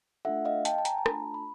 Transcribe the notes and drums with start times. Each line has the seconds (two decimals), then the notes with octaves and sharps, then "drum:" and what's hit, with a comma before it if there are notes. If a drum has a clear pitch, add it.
0.25 A3 D4 F4 A4 E5 F#5
0.45 D#5 F5
0.65 G5 A5, drum: hi-hat
0.78 A5
0.85 G#5 A#5, drum: hi-hat
0.98 A#5
1.06 A3 D4 F4 A4 A5 B5, drum: rim click
1.34 B5